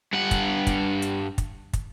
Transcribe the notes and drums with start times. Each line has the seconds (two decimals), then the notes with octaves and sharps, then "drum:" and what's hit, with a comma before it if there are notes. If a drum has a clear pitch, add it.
0.13 G2 F#5
0.31 drum: kick, hi-hat
0.67 drum: kick, hi-hat
1.02 drum: hi-hat
1.38 drum: kick, hi-hat
1.73 drum: kick, hi-hat